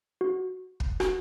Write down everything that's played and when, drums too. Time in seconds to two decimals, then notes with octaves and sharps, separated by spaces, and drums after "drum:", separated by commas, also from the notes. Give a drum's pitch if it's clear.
0.21 F#4
0.80 drum: kick
1.00 F#4, drum: rim click